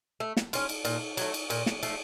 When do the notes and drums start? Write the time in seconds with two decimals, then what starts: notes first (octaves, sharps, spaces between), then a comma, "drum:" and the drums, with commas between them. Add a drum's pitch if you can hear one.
0.20 A3
0.37 drum: snare
0.53 C#4 F4, drum: cymbal
0.69 drum: cymbal
0.85 A#2, drum: cymbal
1.17 F#3 A3, drum: cymbal
1.34 drum: cymbal
1.50 A#2, drum: cymbal
1.66 drum: snare
1.83 F3 A3, drum: cymbal